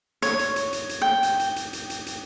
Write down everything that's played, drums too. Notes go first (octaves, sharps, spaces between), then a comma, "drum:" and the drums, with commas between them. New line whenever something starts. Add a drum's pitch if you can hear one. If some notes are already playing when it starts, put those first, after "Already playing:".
C#5, drum: hi-hat
drum: hi-hat
drum: hi-hat
drum: hi-hat
drum: hi-hat
G5
drum: hi-hat
drum: hi-hat
drum: hi-hat
drum: hi-hat
drum: hi-hat
drum: hi-hat